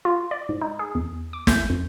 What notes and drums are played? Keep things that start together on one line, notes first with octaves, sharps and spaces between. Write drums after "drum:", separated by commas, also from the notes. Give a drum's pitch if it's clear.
F4
D5
G#2
D#4
G#4
E2
D6
G6, drum: snare
F2